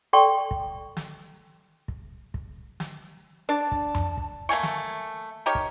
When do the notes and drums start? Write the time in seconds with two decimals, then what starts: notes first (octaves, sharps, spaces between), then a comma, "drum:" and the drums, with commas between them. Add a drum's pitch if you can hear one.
0.13 A4 D5 G5 C6 C#6
0.51 drum: kick
0.97 drum: snare
1.88 drum: kick
2.34 drum: kick
2.80 drum: snare
3.49 D4 D5 A5
3.72 drum: kick
3.95 drum: tom F2
4.17 drum: kick
4.49 A3 A#3 G#5 C#6
4.63 drum: snare
5.46 D#4 G4 A#4 C#5
5.55 drum: kick